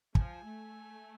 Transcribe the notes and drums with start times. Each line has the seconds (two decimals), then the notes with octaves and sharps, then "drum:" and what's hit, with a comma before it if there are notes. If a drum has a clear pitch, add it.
0.15 F3 G#5, drum: kick
0.45 A3